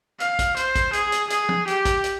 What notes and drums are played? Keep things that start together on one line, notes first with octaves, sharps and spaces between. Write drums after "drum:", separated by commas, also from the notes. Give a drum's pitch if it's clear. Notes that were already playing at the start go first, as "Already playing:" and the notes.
F5, drum: hi-hat
drum: kick, hi-hat
C5, drum: hi-hat
drum: kick, hi-hat
G#4, drum: hi-hat
drum: hi-hat
G#4, drum: hi-hat
drum: tom
G4, drum: hi-hat
drum: kick, hi-hat
drum: hi-hat